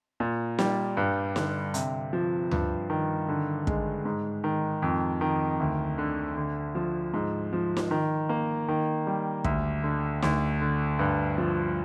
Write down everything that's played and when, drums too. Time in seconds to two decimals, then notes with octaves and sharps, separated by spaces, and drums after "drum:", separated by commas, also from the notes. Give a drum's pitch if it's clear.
0.20 A#2
0.59 G3, drum: snare
0.97 G2
1.36 D3, drum: snare
1.74 C3, drum: hi-hat
2.13 F3
2.51 G2, drum: tom D2
2.90 D#3
3.28 D3
3.67 G#3, drum: kick
4.05 G#2
4.44 D#3
4.82 F2
5.21 D#3
5.60 D2
5.98 D3
6.37 D3
6.75 F3
7.14 G#2
7.53 F3
7.77 drum: snare
7.91 D#3
8.29 A#3
8.69 D#3
9.07 G3
9.44 D2, drum: kick
9.83 D3
10.22 D2, drum: snare
10.61 D3
10.99 G2
11.38 F3